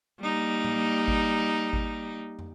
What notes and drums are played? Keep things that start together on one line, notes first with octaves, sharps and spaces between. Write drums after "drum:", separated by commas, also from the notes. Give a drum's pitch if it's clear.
G3 A#3 D#4
drum: tom A2
drum: kick G#1
drum: kick G#1
drum: tom